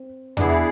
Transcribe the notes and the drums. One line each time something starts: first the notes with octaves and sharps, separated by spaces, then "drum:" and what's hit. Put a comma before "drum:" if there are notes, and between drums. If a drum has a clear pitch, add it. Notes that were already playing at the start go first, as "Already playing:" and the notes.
Already playing: C4
E3 B3 D4 E4 G#4, drum: tom E2